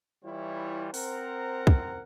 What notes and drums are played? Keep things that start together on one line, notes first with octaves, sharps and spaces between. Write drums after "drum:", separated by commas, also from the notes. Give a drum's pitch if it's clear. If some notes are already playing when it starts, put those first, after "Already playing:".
E3 G3 E4 F4 C#5
C4 A#4 C5 F#5 A#5, drum: open hi-hat
drum: kick